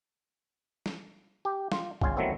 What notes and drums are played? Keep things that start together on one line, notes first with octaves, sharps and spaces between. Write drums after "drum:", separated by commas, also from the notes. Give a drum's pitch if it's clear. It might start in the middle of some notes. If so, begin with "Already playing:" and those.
drum: snare
G4
F4, drum: snare
G1 C#3 F4 F5 G#5, drum: kick C2
D#3 E3 F#3 A3 B3 C4